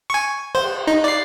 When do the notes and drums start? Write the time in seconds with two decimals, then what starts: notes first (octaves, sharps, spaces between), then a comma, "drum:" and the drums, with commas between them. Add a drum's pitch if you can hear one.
0.10 G#5 C#6
0.55 C5, drum: cymbal
0.87 D#4
1.04 D5 C7